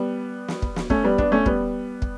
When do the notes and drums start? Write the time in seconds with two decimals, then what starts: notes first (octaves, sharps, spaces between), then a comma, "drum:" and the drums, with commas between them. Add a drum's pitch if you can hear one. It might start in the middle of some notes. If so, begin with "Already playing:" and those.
Already playing: G3 B3
0.48 drum: snare
0.62 drum: kick
0.76 drum: snare
0.90 A3 C#4, drum: kick
1.04 G3 B3
1.18 B3 D4, drum: kick
1.32 A3 C#4
1.46 G3 B3, drum: kick
2.02 drum: kick